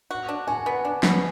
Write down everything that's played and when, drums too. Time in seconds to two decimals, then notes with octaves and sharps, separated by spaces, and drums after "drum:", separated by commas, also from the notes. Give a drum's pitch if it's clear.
0.11 F#4
0.29 D4
0.47 F#4 G#5
0.66 B3
0.85 D4
1.03 B3, drum: snare